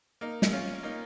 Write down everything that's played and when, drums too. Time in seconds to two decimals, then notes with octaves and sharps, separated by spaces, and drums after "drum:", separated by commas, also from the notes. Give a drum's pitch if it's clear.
0.21 A#3 D#4
0.42 drum: snare
0.52 C#4 F4
0.83 A#3 D#4